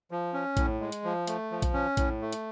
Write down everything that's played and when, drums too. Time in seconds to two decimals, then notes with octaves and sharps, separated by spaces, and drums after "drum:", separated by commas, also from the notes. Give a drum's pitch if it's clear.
0.11 F3
0.33 C#4
0.57 A2, drum: kick, hi-hat
0.80 G#3
0.92 drum: hi-hat
1.04 F3
1.27 A3, drum: hi-hat
1.51 F3
1.62 drum: kick, hi-hat
1.73 C#4
1.97 A2, drum: kick, hi-hat
2.21 A3
2.33 drum: hi-hat